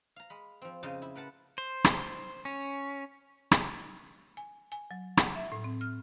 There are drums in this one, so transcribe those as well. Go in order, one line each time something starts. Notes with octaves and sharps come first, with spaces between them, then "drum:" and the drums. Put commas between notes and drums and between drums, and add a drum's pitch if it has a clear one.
F5 A#5
G#3 B5
F3 C4
F2 C#3 C5 D#5
E4
A#4 B4 F#5 A5
C5
drum: rim click
C#4
drum: rim click
G#5
G#5
F#3
F#5, drum: rim click
E5
A2
C4
F6